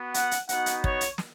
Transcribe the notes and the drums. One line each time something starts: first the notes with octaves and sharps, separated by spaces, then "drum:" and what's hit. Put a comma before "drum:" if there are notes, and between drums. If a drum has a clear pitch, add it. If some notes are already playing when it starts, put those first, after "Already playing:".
Already playing: B3 F#4
F#5, drum: hi-hat
drum: hi-hat
B3 D#4 F#4 F#5, drum: hi-hat
drum: hi-hat
C#5, drum: kick
drum: hi-hat
drum: snare